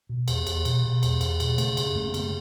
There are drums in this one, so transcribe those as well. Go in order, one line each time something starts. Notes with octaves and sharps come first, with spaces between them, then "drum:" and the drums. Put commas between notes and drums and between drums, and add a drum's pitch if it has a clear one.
B2
E2, drum: cymbal
E2, drum: cymbal
B2, drum: cymbal
B2
E2, drum: cymbal
E2, drum: cymbal
B2, drum: cymbal
C#3 A3, drum: cymbal
F#2, drum: cymbal
F#2 A3
B3
C#3, drum: cymbal
A3